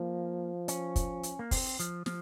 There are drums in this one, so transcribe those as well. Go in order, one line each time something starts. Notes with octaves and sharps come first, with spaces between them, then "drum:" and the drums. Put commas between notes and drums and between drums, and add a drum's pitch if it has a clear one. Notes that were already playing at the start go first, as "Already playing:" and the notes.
Already playing: F3 A#3
C#4, drum: hi-hat
drum: kick, hi-hat
drum: hi-hat
A#3
C4, drum: kick, open hi-hat
F3, drum: hi-hat
F3, drum: snare